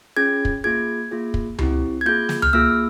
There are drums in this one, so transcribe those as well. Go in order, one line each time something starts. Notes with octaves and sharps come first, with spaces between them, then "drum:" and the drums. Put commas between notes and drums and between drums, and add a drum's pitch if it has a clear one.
C#4 F4 G#4 G#6
drum: kick
A#3 F4 G#4 G#6
A#3 F4 G#4
drum: kick
C4 E4 G4, drum: tom C#2
G#6
A#3 F4 G#4 G6
drum: snare
F6, drum: tom C#2
A#3 F4 G#4 E6